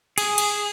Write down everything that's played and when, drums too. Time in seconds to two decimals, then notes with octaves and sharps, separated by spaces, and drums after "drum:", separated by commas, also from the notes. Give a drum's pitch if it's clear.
0.18 G#4, drum: cymbal
0.38 drum: cymbal